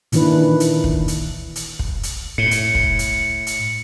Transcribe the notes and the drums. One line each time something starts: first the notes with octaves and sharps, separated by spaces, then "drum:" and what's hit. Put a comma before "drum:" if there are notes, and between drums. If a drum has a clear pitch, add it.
A#2 D#3 E3 D4 B4, drum: hi-hat
drum: hi-hat
drum: kick
drum: hi-hat
drum: hi-hat
drum: kick
drum: hi-hat
A2 C#7
drum: hi-hat
drum: kick
drum: hi-hat
drum: hi-hat